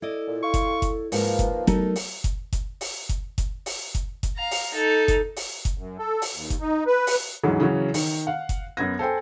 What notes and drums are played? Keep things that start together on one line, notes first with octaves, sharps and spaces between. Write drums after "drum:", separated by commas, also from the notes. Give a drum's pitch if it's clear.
E4 A4 D5 D#5
A#2
F5 C6 C#6
drum: kick F#1, hi-hat
drum: kick F#1, hi-hat
G#2 D#3 F3 A#3 D#4 B4, drum: open hi-hat
drum: kick F#1, hi-hat
F#3 A3 B3 D#4 A4 A#4, drum: kick F#1, hi-hat
drum: open hi-hat
drum: kick F#1, hi-hat
drum: kick F#1, hi-hat
drum: open hi-hat
drum: kick F#1, hi-hat
drum: kick F#1, hi-hat
drum: open hi-hat
drum: kick F#1, hi-hat
drum: kick F#1, hi-hat
F5 A#5
drum: open hi-hat
D#4 A4
drum: kick F#1, hi-hat
drum: open hi-hat
drum: kick F#1, hi-hat
F#2
A4
drum: open hi-hat
D#2
drum: kick F#1, hi-hat
D#4
B4
drum: open hi-hat
D2 G#2 E3 F#3
C#3 E3 F#3 C#4
D#3, drum: open hi-hat
F5 F#5
drum: kick F#1, hi-hat
F#2 B3 G#6 A#6
A4 C5 G5 G#5